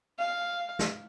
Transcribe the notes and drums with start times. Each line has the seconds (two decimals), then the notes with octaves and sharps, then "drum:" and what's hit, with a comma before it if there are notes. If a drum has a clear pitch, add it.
0.19 F5
0.79 drum: snare